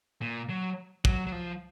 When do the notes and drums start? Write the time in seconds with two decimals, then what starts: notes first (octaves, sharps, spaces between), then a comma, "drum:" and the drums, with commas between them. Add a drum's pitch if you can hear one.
0.22 A#2
0.50 F#3
1.05 F#3, drum: kick
1.27 F#3
1.32 F3